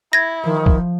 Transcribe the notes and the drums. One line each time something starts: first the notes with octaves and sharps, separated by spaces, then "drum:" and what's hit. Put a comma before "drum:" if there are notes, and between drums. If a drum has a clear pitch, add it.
E4 G#6 A#6
D#3 F3
drum: kick